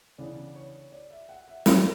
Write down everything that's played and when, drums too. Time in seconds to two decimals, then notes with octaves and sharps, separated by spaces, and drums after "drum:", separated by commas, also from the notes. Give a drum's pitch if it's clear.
0.18 C#3 E3 B3 D4 D5
0.55 C#5
0.92 D5
1.10 E5
1.29 F#5
1.48 E5
1.66 A2 G#3 B3 D4 D5, drum: snare